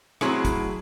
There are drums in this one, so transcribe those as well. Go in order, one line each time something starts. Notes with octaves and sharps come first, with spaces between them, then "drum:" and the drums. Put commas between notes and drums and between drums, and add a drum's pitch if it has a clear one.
A2 F#3 C4 E4 G#4, drum: rim click
drum: kick, hi-hat